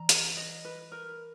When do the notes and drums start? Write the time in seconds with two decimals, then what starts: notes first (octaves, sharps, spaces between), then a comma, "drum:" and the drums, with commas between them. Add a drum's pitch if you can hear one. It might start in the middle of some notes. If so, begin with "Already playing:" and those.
Already playing: E3 A#5
0.09 B4, drum: hi-hat
0.37 D#5
0.65 B4
0.92 A#4